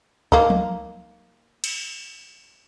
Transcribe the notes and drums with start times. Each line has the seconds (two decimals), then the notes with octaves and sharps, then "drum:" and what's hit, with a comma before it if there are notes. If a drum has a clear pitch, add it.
0.32 A#3 D#4, drum: kick C#2
0.50 drum: tom F3
1.64 drum: cymbal